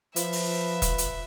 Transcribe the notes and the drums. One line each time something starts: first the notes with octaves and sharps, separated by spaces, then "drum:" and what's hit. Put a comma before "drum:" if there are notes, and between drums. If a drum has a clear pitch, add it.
F3 B4 E5, drum: hi-hat
drum: open hi-hat
drum: kick E1, hi-hat
drum: hi-hat